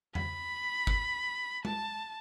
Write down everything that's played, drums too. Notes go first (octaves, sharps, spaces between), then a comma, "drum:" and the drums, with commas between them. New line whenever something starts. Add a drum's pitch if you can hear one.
B5, drum: tom F2
drum: kick
A5, drum: tom G#3